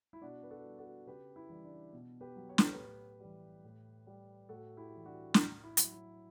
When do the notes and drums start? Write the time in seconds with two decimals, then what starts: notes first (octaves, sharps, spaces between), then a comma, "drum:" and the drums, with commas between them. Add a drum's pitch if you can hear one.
0.13 E4
0.22 B2 D4 F#4
0.43 B4
0.51 F#4 A4
0.64 G3
0.79 F#4 A4
1.07 C#3 G4 B4
1.36 E4
1.50 E3 G3
1.64 D4
1.93 B2
2.21 G4 B4
2.36 F#3
2.49 C#5
2.58 B4, drum: snare
2.65 A4
2.72 G4 B4
2.78 A2
3.20 E3 G3
3.64 A2
4.07 G3
4.49 A2 F#4 A4
4.77 E4 G4
4.92 E3 G3
5.06 D4 F#4
5.34 A2, drum: snare
5.63 E4
5.77 F#3, drum: hi-hat
5.92 E4